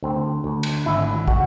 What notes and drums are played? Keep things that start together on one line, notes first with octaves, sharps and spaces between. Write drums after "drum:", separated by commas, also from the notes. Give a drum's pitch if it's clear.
D2 C4
D2
drum: cymbal
G#1 E4
F#4, drum: kick